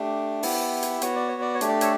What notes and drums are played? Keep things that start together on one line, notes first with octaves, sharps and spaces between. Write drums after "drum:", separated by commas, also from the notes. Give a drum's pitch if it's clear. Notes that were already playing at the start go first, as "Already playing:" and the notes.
Already playing: A3 D4 G4
B3 E4 G4, drum: open hi-hat
drum: hi-hat
B3 F#4 C#5, drum: hi-hat
D5
C#5
D5
C#5
A3 D4 G4, drum: hi-hat
D5
A4 C#5, drum: hi-hat